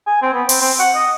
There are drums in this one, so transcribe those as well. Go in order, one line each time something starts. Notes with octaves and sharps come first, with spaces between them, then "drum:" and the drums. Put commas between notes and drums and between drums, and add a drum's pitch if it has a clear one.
G#5
C4
B3
C4, drum: open hi-hat
C4
F#5
D#5